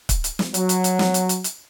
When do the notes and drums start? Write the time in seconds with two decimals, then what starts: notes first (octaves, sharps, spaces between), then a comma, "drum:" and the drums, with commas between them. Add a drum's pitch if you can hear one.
0.09 drum: kick, hi-hat
0.24 drum: hi-hat
0.39 drum: snare
0.54 F#3, drum: hi-hat
0.69 drum: hi-hat
0.84 drum: hi-hat
0.99 drum: snare
1.14 drum: hi-hat
1.29 drum: hi-hat
1.44 drum: hi-hat